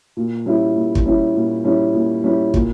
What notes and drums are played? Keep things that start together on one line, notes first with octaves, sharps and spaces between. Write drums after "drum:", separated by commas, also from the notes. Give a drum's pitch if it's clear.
A#2
G3 C#4 E4
A#2
drum: kick
G3 C#4 E4
A#2
G3 C#4 E4
A#2
G3 C#4 E4
A#2, drum: kick